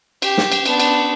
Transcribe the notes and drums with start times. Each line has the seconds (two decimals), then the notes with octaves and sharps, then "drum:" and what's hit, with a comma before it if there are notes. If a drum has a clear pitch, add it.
0.22 G4, drum: cymbal
0.38 drum: snare
0.52 drum: cymbal
0.66 B3 D4, drum: cymbal
0.80 drum: cymbal